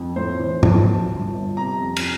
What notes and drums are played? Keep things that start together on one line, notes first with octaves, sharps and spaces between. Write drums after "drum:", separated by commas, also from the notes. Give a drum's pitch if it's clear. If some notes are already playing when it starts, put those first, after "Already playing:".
Already playing: F2
A2 C5
E3
D2 A5, drum: tom G#2
D2
G1
G1
C3 A#5
F2
drum: cymbal